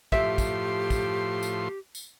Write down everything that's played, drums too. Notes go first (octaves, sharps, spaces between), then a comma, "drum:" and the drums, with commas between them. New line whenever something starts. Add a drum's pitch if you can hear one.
A2 F3 G4 E5 C6, drum: kick
drum: kick, tambourine
drum: kick, tambourine
drum: tambourine
drum: tambourine